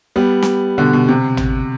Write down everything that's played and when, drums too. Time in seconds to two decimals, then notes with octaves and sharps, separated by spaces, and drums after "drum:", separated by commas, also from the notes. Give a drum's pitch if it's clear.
0.16 G3 B3
0.43 drum: snare
0.78 B2 D3
0.93 B2
1.09 C3
1.37 drum: tom